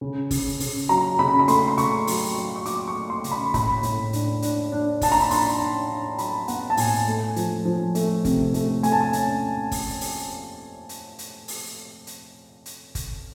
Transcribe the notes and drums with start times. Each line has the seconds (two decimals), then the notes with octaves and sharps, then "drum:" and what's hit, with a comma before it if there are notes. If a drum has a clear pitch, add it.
0.01 C#3
0.31 C#3, drum: kick, open hi-hat
0.60 C#3, drum: open hi-hat
0.89 F#3 A#5
1.19 C#3 B5
1.39 B5
1.48 A3 C6, drum: hi-hat
1.68 C6
1.78 C#3 C#6, drum: hi-hat
2.07 F#3, drum: open hi-hat
2.37 F#3
2.56 C#6
2.66 F#3 D6, drum: hi-hat
2.88 C#6
2.95 A3
3.10 C6
3.24 C#3, drum: hi-hat
3.32 B5
3.54 A2 B5, drum: kick, hi-hat
3.83 A2, drum: hi-hat
4.13 D4, drum: hi-hat
4.42 D4, drum: hi-hat
4.72 D4
5.01 D4 A5, drum: kick, open hi-hat
5.12 A#5
5.22 B5
5.31 D4 C6, drum: open hi-hat
5.60 D4
5.89 D4
6.18 F#3 B5, drum: hi-hat
6.48 B3 F#5, drum: hi-hat
6.70 A5
6.77 A2 G#5, drum: open hi-hat
7.07 A3
7.36 F3, drum: hi-hat
7.65 F3
7.95 A3, drum: hi-hat
8.25 C3, drum: kick, hi-hat
8.54 A3, drum: hi-hat
8.83 A3 G#5, drum: hi-hat
8.92 A5
9.01 G#5
9.13 C#4, drum: hi-hat
9.72 drum: kick, open hi-hat
10.01 drum: open hi-hat
10.89 drum: hi-hat
11.19 drum: hi-hat
11.48 drum: open hi-hat
12.07 drum: hi-hat
12.66 drum: hi-hat
12.95 drum: kick, hi-hat